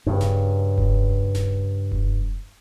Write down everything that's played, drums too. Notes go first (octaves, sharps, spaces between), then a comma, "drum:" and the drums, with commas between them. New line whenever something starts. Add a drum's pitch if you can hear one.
G2 C#3
drum: snare D1
drum: kick F1
drum: snare D1
drum: kick F1